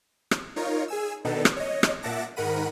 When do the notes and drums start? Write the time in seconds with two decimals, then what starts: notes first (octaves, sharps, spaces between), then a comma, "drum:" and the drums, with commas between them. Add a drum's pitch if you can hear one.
0.31 drum: rim click
0.56 D#4 F4 A#4 C#5
0.88 G#4 G#5 E6
1.25 B2 D#3 B3 D4 D#4 A4
1.45 drum: rim click
1.57 C#5 D#5
1.83 drum: rim click
2.03 A#2 E5 F#5 A5 D6 A#6
2.36 G#2 D#3 A#4 F#5 B5 D#7